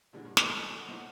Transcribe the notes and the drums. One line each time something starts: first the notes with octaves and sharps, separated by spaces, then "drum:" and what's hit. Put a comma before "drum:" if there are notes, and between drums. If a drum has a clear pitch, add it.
A#2 D3 E3 G3 G#3 D4
G2
E3 A#3 A4 D#5, drum: snare
G#5 A5 B5 D#6 F6
A4 F#5
B1 A2 D#4 F#4 C5